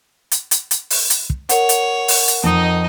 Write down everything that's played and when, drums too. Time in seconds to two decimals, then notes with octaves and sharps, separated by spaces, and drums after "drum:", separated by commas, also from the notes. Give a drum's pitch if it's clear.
0.31 drum: hi-hat
0.51 drum: hi-hat
0.71 drum: hi-hat
0.90 drum: open hi-hat
1.10 drum: hi-hat
1.30 drum: kick
1.49 A#4 C#5 F#5, drum: hi-hat
1.69 drum: hi-hat
2.08 drum: open hi-hat
2.28 drum: hi-hat
2.43 F2 D#4 D#5